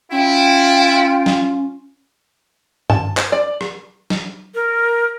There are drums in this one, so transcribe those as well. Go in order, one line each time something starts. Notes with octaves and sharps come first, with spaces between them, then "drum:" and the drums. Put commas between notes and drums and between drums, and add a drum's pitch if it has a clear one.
C#4 E4 F4 G5
drum: snare
A5, drum: tom G2
C5, drum: clap
D5
drum: rim click
drum: snare
A#4